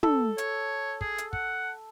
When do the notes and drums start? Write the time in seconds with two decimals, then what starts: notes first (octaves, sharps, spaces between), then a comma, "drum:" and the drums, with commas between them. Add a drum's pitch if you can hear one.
0.03 A4, drum: tom
0.38 C#5, drum: hi-hat
1.01 G#4, drum: kick
1.18 drum: hi-hat
1.33 F#5, drum: kick